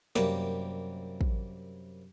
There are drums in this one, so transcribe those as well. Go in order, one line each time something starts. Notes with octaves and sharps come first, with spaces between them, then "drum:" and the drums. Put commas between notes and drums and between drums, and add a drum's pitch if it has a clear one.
F#2 C3 G3 A#3, drum: snare
drum: kick